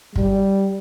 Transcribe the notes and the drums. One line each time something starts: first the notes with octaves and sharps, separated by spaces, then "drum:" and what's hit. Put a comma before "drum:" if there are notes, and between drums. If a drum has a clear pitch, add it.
G3, drum: kick